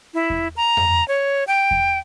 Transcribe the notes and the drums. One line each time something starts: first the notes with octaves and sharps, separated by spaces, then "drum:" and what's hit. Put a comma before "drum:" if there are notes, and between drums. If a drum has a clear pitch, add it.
E4
drum: kick E2
A#5
drum: tom F2
C#5
G5
drum: kick E2